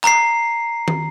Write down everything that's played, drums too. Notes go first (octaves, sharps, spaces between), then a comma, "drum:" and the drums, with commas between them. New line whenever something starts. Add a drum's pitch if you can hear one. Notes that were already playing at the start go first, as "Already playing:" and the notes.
A#5 C7, drum: clap
drum: tom